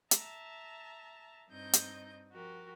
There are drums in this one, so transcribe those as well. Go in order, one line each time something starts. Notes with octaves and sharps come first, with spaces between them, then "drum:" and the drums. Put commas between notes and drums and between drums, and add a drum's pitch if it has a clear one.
E5 A5 A#5, drum: hi-hat
G2 C4 D#4 D#5 G6
drum: hi-hat
F3 F#4 G4 A#4